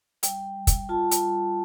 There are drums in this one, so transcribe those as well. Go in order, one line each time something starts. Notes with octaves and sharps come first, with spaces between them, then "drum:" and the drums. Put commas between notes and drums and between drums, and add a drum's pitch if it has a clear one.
G3 G5, drum: hi-hat
G3
drum: kick, hi-hat
F4 A5
drum: hi-hat
G3